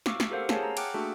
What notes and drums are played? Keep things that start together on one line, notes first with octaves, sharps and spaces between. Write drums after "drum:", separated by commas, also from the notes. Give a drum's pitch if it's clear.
F5 C#6 D6 E6 F6, drum: snare
drum: snare
G4 A4 A#4 C5 F5 F#5
G#4 C#5 F5 G#5 A5, drum: snare
A#5
F#5 G5 D6 F6 F#6, drum: cymbal
A3 A#3 D4 F#4 G#4 A4